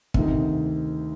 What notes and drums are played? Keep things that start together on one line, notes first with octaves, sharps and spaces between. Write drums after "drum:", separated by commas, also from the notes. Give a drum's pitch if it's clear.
D2 C3 D#3, drum: kick